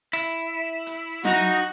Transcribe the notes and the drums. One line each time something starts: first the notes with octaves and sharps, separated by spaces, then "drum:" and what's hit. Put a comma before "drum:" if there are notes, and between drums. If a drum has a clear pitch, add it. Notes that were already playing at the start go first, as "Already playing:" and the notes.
E4
drum: hi-hat
D#4 F#4, drum: tom F#3